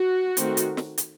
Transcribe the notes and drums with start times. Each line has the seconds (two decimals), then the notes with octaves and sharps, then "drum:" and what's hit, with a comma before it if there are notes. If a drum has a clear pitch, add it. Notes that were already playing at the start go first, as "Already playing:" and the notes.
Already playing: F#4
0.37 D#3 A3 C4, drum: hi-hat
0.57 drum: hi-hat
0.77 drum: snare
0.98 drum: hi-hat